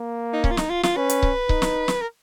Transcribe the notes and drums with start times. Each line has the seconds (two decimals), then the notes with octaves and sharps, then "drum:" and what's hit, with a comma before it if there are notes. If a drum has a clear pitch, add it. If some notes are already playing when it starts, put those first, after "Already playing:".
Already playing: A#3
0.33 D#4
0.44 C#4, drum: kick C#1
0.51 F4
0.57 D#4, drum: snare
0.70 F4
0.83 F4, drum: snare
0.96 C#4 B4
1.09 drum: hi-hat
1.23 drum: kick C#1
1.49 D#4, drum: kick C#1
1.62 drum: snare
1.88 drum: snare
2.01 A#4